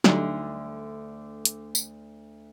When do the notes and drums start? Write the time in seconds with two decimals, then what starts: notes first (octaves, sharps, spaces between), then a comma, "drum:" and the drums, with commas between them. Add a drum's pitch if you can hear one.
0.04 D2 D3 F#3 G3 D#4 C6, drum: snare
1.45 drum: hi-hat
1.75 drum: tambourine